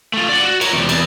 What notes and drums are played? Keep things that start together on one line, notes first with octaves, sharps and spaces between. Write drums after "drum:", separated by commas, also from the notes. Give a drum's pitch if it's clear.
A3 F4
D5 F#5
F#4
A#4 C#5, drum: cymbal
E2 C3
E2, drum: cymbal